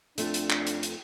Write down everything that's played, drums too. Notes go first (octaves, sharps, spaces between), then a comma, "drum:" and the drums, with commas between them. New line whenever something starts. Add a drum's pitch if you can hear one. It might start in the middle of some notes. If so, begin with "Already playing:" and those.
F2 A3 D4, drum: hi-hat
drum: hi-hat
drum: clap
drum: hi-hat
drum: hi-hat